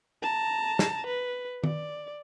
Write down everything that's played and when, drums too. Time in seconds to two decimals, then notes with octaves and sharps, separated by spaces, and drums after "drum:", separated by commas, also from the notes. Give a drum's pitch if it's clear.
0.22 A5 A#5
0.79 drum: snare
1.07 B4
1.64 D5, drum: tom D#3